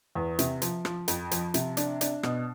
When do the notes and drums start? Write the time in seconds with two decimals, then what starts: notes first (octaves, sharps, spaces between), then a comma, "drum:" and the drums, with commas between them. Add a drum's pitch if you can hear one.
0.15 E2
0.39 C3, drum: hi-hat
0.62 F3, drum: hi-hat
0.85 F3, drum: rim click
1.08 F2, drum: hi-hat
1.31 F3, drum: hi-hat
1.54 C3, drum: hi-hat
1.77 D4, drum: hi-hat
2.01 D4, drum: hi-hat
2.23 B2, drum: rim click